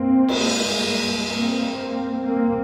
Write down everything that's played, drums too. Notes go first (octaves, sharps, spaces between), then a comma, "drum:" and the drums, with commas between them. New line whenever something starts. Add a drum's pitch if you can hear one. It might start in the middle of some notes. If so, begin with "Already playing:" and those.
Already playing: G2 A#3 C4
drum: cymbal
G#3 A#3
A#3 C4
A#3 C4